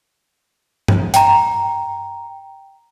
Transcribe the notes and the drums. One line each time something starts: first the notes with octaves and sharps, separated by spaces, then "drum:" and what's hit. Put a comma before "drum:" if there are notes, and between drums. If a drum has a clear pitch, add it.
drum: tom G2
G5 A#5, drum: hi-hat